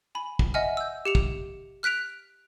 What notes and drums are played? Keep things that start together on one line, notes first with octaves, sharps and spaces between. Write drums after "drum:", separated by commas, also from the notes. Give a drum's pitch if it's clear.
G#5 B5
drum: kick
D#5 E5 F#5 G#5 F6
E6 G6
G4 C#7 F7
drum: kick
F6 F#6 B6 D7 F7